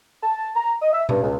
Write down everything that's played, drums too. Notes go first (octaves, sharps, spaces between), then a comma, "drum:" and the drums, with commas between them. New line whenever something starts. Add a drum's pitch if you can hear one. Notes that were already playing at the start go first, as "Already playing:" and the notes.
A5
A#5
D#5
E5
G2, drum: tom B2
C#2